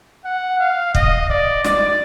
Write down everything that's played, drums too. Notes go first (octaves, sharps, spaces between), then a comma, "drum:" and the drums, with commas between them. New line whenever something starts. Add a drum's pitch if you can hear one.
F#5
F5
D#5, drum: kick
D5
D5, drum: snare